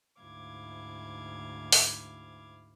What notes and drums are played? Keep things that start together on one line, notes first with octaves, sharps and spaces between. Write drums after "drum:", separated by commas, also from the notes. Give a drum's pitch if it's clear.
D2 G#2 E4 F5 D6 G#6
drum: open hi-hat